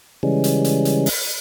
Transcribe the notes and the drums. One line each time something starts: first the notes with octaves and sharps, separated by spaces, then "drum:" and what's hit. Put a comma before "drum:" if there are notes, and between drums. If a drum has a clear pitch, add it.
C#3 E3 G3 G#3 C#4
drum: hi-hat
drum: hi-hat
drum: hi-hat
drum: open hi-hat